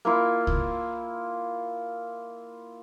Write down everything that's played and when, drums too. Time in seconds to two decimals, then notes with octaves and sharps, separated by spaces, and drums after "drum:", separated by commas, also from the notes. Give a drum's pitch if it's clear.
0.05 A#3 E4 F4
0.47 drum: kick C2